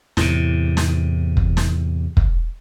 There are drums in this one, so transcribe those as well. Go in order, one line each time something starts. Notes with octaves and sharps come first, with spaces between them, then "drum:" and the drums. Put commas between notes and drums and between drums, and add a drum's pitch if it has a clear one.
E2 A2 C3, drum: snare
drum: snare
drum: kick
drum: snare
drum: kick